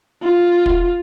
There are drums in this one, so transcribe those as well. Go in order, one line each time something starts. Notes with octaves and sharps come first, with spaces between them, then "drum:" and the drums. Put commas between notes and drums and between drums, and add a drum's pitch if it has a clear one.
F4
drum: kick